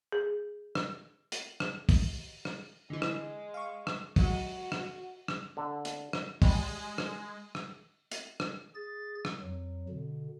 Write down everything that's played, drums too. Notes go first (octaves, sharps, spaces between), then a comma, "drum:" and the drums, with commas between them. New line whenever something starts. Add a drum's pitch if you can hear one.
G#4
drum: rim click
drum: hi-hat
drum: rim click
drum: kick, open hi-hat
drum: rim click
D3 E3 G#3
drum: rim click
F5 C#6
drum: rim click
F#3 G#3 F#4, drum: kick, open hi-hat
drum: rim click
drum: rim click
D3
drum: hi-hat
drum: rim click
G3 G#3, drum: kick, open hi-hat
drum: rim click
drum: rim click
drum: hi-hat
drum: rim click
G#4 A6
drum: rim click
F2 F#3
B2 D3